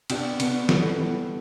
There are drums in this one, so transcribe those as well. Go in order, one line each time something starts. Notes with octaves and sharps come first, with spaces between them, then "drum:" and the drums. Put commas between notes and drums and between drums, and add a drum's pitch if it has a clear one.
D3 B3 D4 G4, drum: cymbal
D3 B3 D4, drum: cymbal
E3 G3 B3 A4, drum: snare
E3 G3 B3